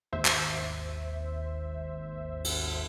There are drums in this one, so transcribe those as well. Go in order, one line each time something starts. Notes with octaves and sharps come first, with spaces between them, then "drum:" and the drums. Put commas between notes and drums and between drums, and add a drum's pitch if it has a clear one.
G#1 D#2 C5 E5
drum: clap
drum: cymbal